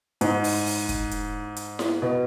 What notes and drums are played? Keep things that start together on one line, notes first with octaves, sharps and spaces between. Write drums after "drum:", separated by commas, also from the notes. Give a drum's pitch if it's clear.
G#2, drum: hi-hat
drum: open hi-hat
drum: open hi-hat
drum: kick, hi-hat
drum: hi-hat
drum: hi-hat
drum: snare E4
B2